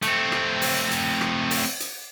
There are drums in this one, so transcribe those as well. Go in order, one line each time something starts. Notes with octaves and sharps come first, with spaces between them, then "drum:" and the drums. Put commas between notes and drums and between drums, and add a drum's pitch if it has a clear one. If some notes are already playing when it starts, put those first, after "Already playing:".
A3 C4, drum: hi-hat
drum: rim click
drum: open hi-hat
drum: hi-hat
drum: rim click
drum: open hi-hat
drum: hi-hat